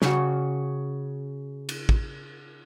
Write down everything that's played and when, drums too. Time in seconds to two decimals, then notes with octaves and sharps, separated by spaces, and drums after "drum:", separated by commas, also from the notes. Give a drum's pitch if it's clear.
0.02 C#3 F#4, drum: snare
1.69 drum: cymbal
1.89 drum: kick